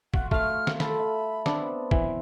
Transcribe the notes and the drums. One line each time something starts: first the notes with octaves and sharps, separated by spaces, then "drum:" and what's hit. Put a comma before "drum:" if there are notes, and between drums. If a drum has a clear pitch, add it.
F4 F#4 F#5, drum: kick
A3 F5 F6, drum: kick
drum: snare
F4 A4 B5, drum: snare
E5
B3 C4 D4, drum: snare
E3, drum: kick